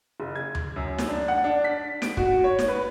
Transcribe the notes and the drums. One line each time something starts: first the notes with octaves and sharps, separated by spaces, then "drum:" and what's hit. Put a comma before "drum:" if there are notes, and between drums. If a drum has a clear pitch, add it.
F#1
G#6
drum: tom D2
F#2
drum: snare
D4
F#5
D4
B6
D7, drum: snare
F#4, drum: kick
C#5
drum: snare
B4